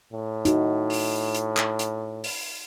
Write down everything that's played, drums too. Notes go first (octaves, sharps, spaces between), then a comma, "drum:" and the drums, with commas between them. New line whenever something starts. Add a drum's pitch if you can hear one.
A2
D#4 F#4, drum: hi-hat
drum: open hi-hat
drum: hi-hat
drum: clap
drum: hi-hat
drum: open hi-hat